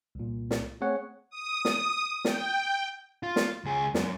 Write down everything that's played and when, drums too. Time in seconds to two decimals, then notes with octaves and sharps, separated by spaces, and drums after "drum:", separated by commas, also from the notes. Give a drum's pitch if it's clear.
0.15 C2 A#2
0.51 drum: snare
0.81 A3 C4 G#4 C#5 F#5
1.30 D#6
1.65 drum: snare
2.25 G5, drum: snare
3.23 F4
3.36 drum: snare
3.65 C#2 G#4
3.94 F#2, drum: snare